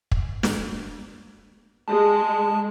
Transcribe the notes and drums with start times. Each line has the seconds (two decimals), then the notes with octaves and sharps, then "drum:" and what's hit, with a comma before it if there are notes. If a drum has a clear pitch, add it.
0.11 drum: kick
0.43 drum: snare
1.88 G#3 A5